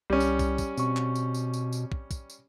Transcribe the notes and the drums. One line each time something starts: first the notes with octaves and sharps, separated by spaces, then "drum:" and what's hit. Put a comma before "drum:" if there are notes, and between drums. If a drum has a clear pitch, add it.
C2 G3 C#4
drum: tambourine
drum: kick, tambourine
drum: kick, tambourine
B2 C4 C#6, drum: tambourine
drum: clap
drum: tambourine
drum: tambourine
drum: tambourine
drum: tambourine
drum: kick
drum: kick, tambourine
drum: tambourine